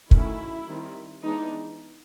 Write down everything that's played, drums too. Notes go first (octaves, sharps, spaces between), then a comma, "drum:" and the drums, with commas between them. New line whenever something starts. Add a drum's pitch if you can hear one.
D#3 F#3 A3 C#4 E4, drum: kick
D#3 G3 C4
E3 G#3 B3 D4 D#4